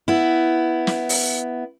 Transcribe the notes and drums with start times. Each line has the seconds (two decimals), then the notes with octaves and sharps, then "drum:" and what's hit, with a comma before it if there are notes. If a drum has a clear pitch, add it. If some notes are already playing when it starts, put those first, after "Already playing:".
0.08 B3 E4
0.87 drum: snare
1.09 drum: open hi-hat